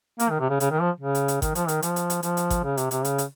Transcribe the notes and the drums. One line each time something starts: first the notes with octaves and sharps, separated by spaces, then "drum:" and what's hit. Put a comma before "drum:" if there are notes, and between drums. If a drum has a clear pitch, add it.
A#3, drum: hi-hat
D#3
C3
C#3
C#3, drum: hi-hat
D#3
F3
C#3
drum: hi-hat
drum: hi-hat
D#3, drum: kick G#1, hi-hat
F3, drum: hi-hat
D#3, drum: hi-hat
F3, drum: hi-hat
drum: hi-hat
drum: hi-hat
F3, drum: hi-hat
drum: hi-hat
drum: kick G#1, hi-hat
C#3
C3, drum: hi-hat
C3, drum: hi-hat
C#3, drum: hi-hat
drum: hi-hat